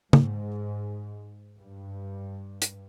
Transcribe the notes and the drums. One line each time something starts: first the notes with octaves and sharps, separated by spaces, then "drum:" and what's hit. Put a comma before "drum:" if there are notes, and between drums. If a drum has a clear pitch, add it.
G#2, drum: tom C#3
G2
drum: hi-hat